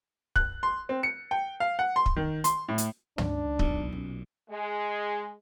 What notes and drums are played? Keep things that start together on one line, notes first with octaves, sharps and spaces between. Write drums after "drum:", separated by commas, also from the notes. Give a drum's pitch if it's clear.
F#6, drum: kick
C6
C4
C#7
G5
F5
F#5
C6
drum: kick
D#3
C6, drum: hi-hat
A2
drum: hi-hat
C#2 D#3 D4, drum: tom
B1 A#2, drum: kick
C#4
G#3